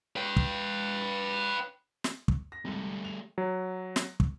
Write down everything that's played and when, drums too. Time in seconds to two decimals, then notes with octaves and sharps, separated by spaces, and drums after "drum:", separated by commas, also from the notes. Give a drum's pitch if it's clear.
0.16 B4 G5
0.36 drum: kick
2.04 drum: snare
2.28 drum: kick
2.52 A#6
2.65 C2 G#2 G3 A3
3.05 F7
3.38 F#3
3.96 drum: snare
4.20 drum: kick